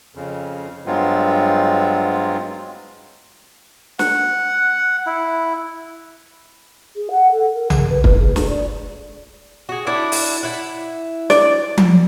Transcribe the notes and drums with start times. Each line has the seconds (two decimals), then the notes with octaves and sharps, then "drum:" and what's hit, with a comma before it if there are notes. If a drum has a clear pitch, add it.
0.15 F2 C#3
0.86 G2 F#3 G#3 B3 C4 F4
3.99 F#5, drum: snare
5.06 E4
6.96 G#4
7.10 F#5
7.31 A4
7.54 A#4
7.70 G#4, drum: tom B1
7.89 B4
8.04 B4, drum: kick
8.19 G#4
8.36 G#4, drum: snare
8.48 D5
9.69 F#4 G#4
9.87 D4 E4 E5
10.12 drum: open hi-hat
10.43 E4 F#5
11.30 D5, drum: snare
11.77 drum: tom F3